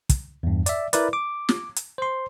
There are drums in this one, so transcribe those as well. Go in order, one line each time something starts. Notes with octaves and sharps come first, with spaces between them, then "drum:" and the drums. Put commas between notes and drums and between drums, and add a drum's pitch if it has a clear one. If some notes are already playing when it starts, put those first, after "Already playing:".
drum: kick, hi-hat
E2 G2
D5 E5, drum: hi-hat
E4 A#4 B4 D5, drum: hi-hat
D6
drum: snare
drum: hi-hat
C5 C6